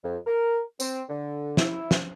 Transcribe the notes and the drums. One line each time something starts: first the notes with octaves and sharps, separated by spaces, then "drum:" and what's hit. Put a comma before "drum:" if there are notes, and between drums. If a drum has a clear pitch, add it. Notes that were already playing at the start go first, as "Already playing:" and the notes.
F2
A#4
C4, drum: tambourine
D3
E4, drum: snare
drum: snare